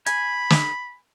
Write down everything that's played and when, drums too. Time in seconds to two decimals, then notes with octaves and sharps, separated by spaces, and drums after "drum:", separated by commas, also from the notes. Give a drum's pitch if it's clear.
0.06 G#5 B5, drum: hi-hat
0.50 drum: snare